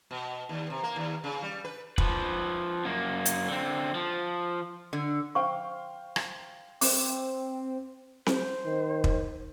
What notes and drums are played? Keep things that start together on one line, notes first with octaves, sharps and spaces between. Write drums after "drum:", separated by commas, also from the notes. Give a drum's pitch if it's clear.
B2
D#2
C3
A#3
D#2
C#3
G3
B4
F3 B4, drum: kick
F#2 A#3
drum: hi-hat
D3 C4
F3
D3
C5 F5 G5 C#6
drum: rim click
C4 D6, drum: open hi-hat
C5, drum: snare C4
D#3
drum: kick